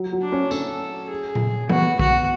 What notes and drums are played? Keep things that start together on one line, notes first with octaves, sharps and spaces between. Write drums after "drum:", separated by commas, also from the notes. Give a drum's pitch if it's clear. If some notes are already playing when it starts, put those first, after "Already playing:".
Already playing: F#3
F#3
D4
C#4
C#4 A4, drum: tambourine
G#4
drum: tom A#2
B3 F#4, drum: tom E3
F#4, drum: kick